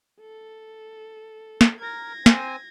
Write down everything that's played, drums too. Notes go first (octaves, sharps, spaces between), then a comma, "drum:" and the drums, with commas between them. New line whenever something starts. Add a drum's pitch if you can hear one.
A4
drum: snare
A#4 G#6 A#6
C4 C5 G#5, drum: snare